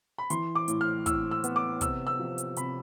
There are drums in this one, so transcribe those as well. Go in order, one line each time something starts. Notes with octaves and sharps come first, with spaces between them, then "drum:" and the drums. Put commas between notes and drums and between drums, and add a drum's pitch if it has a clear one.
B5
E3 C6, drum: hi-hat
D6
A2, drum: hi-hat
F6
A2 E6, drum: kick, hi-hat
E6
B3, drum: hi-hat
D6
C3 E6, drum: kick, hi-hat
E6
F3
drum: hi-hat
C3 B5, drum: hi-hat